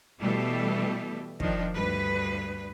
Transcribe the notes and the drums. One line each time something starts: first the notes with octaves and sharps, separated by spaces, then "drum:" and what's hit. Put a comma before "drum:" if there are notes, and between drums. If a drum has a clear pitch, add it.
B2 E3 G3 A3 G4 A4
D#3 F3 D4, drum: kick
D2 G2 B4